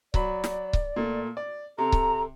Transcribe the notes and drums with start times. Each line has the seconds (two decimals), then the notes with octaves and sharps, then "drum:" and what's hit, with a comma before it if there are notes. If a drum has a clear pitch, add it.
0.14 F#3 D5 B5, drum: kick C#1
0.44 drum: snare
0.73 drum: kick C#1
0.96 A#2 A3
1.37 D5
1.78 C3 A4 A#5
1.92 drum: kick C#1